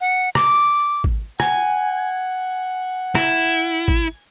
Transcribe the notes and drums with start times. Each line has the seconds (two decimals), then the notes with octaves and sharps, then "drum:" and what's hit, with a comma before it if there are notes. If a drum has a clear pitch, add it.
0.01 F#5
0.35 D6, drum: rim click
1.04 drum: kick G#1
1.40 F#5 G#5, drum: rim click
3.15 E4, drum: rim click
3.88 drum: kick G#1